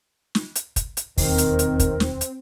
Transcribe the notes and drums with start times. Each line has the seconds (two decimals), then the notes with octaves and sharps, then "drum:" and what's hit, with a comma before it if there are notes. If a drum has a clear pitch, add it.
0.35 drum: snare
0.55 drum: hi-hat
0.76 drum: kick, hi-hat
0.97 drum: hi-hat
1.17 E1 D#2 D#3 C4 A#4, drum: kick, open hi-hat
1.38 drum: hi-hat
1.59 drum: hi-hat
1.79 drum: kick, hi-hat
2.00 drum: snare
2.21 drum: hi-hat